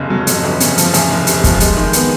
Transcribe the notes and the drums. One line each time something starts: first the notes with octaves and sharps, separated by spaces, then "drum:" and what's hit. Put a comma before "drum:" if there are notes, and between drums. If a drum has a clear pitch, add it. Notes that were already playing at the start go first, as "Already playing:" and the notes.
Already playing: F1 F2 C#3
F#3
F2, drum: hi-hat
G1
C#3, drum: hi-hat
F3, drum: hi-hat
E2, drum: hi-hat
F1
C3, drum: hi-hat
F3, drum: kick, hi-hat
G#3, drum: hi-hat
D#3
B3, drum: hi-hat